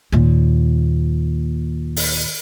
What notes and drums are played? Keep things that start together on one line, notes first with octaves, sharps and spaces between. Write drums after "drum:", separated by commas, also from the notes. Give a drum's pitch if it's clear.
D#2 A#2
drum: open hi-hat